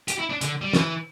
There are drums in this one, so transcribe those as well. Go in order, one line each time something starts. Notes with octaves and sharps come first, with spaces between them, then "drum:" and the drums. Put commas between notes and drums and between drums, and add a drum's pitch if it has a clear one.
G4, drum: hi-hat
E4
D4
D3, drum: hi-hat
G3
E3, drum: snare